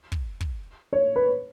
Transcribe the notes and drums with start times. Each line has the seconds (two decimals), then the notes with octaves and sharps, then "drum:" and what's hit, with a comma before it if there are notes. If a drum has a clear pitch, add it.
0.12 drum: kick
0.41 drum: kick
0.93 C#5
1.16 B4